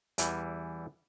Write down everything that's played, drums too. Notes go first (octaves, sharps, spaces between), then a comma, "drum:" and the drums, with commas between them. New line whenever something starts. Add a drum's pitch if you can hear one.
E2 E3 G3, drum: hi-hat